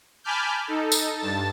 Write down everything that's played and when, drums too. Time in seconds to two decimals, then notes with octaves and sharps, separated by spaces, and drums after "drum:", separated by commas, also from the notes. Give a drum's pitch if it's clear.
0.24 G#5 A5 B5 D6 F6 G6
0.67 D#4 A4
0.92 drum: tambourine
1.18 G2 A5 A6